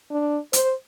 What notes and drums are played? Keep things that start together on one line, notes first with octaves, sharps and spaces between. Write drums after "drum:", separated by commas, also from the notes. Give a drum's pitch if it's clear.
D4
C5, drum: hi-hat